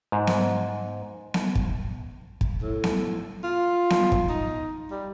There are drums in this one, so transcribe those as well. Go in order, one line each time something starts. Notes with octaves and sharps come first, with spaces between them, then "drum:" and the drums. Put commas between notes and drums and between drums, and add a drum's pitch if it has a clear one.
G#2
drum: snare B3
drum: snare B3
drum: kick
drum: kick
A2
drum: snare B3
F4
drum: snare B3
drum: kick
D#4
G3